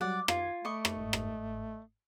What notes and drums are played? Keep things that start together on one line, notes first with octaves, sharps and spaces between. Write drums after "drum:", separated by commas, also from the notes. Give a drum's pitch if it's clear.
F#3 G3 D5 F#5
F4 G#6, drum: rim click
A3 D#5 B5 C#6 D6
drum: rim click
G1 G#2
drum: rim click